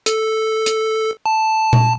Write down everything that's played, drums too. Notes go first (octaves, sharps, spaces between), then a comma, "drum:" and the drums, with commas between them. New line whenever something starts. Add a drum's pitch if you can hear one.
A4, drum: hi-hat
drum: hi-hat
A5
drum: tom A#2